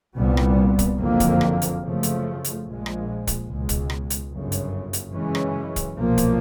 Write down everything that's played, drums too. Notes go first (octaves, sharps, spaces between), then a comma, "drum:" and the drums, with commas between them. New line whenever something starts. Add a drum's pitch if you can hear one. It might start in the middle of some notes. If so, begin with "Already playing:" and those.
C2 A#2 G3 B3
drum: rim click
drum: kick, hi-hat
F#1 F2 D3 F3 A#3
drum: kick, hi-hat
drum: rim click
drum: hi-hat
F#2 C#3 F3 A3
drum: hi-hat
drum: hi-hat
A#1 A#2 F3 G#3
drum: rim click
drum: kick, hi-hat
C#2 B2 G#3
drum: kick, hi-hat
drum: rim click
drum: hi-hat
G1 F#2 C#3
drum: hi-hat
drum: hi-hat
F#2 C#3 E3 G#3 C#4
drum: rim click
drum: kick, hi-hat
B1 A#2 F3 A#3
drum: kick, hi-hat